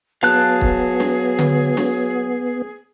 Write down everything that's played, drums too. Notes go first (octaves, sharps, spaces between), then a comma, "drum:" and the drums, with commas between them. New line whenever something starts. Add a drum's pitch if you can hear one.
F#3 B3 G#4 F5 A5 F#6
drum: kick
drum: snare
drum: tom D3
drum: snare